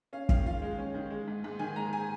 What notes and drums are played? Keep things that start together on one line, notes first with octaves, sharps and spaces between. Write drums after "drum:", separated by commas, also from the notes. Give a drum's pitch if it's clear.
C#4 F5
D#3 F5, drum: kick
F4 F5
G#3
C#4
D#3
G#3
G#2
G#2
D#3 G#5
G#3 A#5
G#5